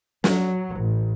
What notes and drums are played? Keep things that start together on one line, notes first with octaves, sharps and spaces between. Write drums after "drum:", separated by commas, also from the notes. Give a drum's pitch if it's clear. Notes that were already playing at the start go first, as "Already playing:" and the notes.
F#3, drum: snare
A1